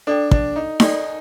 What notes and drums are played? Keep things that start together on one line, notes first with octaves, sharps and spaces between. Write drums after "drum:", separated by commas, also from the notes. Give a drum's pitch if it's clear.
D4 A4 D5 G5
D4, drum: kick
D#4
D#4 A4 D5 G5, drum: snare D#4